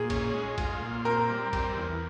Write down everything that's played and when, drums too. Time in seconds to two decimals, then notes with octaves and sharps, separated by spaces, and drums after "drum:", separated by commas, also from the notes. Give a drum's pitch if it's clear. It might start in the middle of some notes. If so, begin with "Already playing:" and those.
Already playing: A#2 G#4
0.10 C#4, drum: kick, cymbal
0.34 G#3
0.58 F4, drum: kick, cymbal
0.82 A#2
1.05 C4 A#4
1.29 G3
1.53 C4, drum: kick, cymbal
1.77 E2